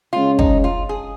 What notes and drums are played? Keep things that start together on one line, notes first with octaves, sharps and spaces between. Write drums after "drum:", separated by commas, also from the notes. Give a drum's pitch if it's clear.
C#3 G#3 C#4 F4
D#4, drum: kick
F4
G#4